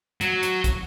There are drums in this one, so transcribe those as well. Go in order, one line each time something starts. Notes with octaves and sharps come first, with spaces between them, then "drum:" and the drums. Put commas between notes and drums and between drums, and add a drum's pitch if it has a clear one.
F#3, drum: hi-hat
drum: hi-hat
drum: kick, hi-hat